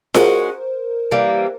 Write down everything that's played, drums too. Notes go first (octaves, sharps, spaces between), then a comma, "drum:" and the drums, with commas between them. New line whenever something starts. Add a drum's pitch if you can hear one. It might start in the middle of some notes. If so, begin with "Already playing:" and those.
G#3 C#4 F#4 A#4 C5, drum: snare F4
E3 G3 A#3